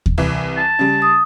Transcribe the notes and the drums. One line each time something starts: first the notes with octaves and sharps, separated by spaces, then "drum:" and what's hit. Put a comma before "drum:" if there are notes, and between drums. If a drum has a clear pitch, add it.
drum: kick D#2
C2 E3
A5
C#3 G3
D#6